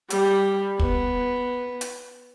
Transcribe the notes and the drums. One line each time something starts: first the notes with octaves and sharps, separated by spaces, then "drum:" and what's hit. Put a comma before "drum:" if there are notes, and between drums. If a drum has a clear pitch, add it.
G3, drum: hi-hat
B3, drum: kick
drum: hi-hat